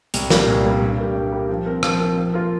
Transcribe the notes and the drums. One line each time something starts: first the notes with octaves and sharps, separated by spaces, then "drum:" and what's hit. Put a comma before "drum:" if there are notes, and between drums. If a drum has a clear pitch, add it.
C2, drum: hi-hat
A#2 G3 A#3, drum: snare
C2
A#2 G3 A#3
G2
G3 A#3 G4
G2
G3 A#3 G4
F3
C4 A#4
F3, drum: rim click
C4 A#4
F3
A#3 F4 A#4